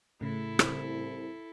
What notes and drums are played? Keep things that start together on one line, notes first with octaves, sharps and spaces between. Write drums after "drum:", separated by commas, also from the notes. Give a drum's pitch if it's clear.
A2 C#3 E4 A4
C2, drum: rim click